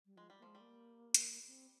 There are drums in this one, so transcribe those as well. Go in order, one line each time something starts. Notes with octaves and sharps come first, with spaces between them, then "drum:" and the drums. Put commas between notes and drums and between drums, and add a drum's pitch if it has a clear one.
G3
F3 G#3
G3
A#3
F3 G#3
G3
A#3
drum: hi-hat
C4